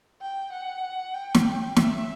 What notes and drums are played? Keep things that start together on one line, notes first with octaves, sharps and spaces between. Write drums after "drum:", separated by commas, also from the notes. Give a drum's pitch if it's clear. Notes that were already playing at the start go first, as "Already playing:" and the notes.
G5
F#5
G5
drum: snare
E5, drum: snare